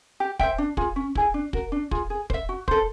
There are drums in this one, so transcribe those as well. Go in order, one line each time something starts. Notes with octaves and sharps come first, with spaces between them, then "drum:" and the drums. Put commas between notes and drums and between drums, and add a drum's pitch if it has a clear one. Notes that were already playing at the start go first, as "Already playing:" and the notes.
G4
C5 E5 G5, drum: kick
D4
F4 G#4, drum: kick
C#4
E4 G#4, drum: kick
D4
F#4 A#4, drum: kick
D4
F4 G#4, drum: kick
G#4
C5, drum: kick
E5
F#4
A4 C5, drum: kick